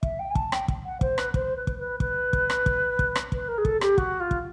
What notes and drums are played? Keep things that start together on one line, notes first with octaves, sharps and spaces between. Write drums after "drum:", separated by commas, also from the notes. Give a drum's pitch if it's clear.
E5, drum: kick
G5
G#5
A5, drum: kick
G5, drum: rim click
drum: kick
F#5
C5, drum: kick
B4, drum: rim click
C5, drum: kick
B4
drum: kick
B4
B4, drum: kick
drum: kick
drum: rim click
drum: kick
drum: kick
drum: rim click
B4, drum: kick
A#4
G#4
A4, drum: kick
G4, drum: rim click
F#4, drum: kick
F4
drum: kick